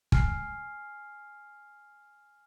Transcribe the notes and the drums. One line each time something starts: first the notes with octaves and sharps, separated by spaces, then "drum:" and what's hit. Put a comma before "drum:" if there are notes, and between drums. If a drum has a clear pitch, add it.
G#5 F6 C7, drum: kick